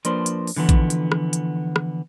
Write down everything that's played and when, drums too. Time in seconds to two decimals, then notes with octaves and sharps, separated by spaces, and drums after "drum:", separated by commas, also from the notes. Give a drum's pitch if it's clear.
0.05 F3 A#3 D4 B4 C5, drum: hi-hat
0.26 drum: hi-hat
0.47 drum: open hi-hat
0.57 D3 E3 F3 B3
0.69 drum: kick A#1, hi-hat
0.90 drum: hi-hat
1.12 drum: rim click
1.33 drum: hi-hat
1.76 drum: rim click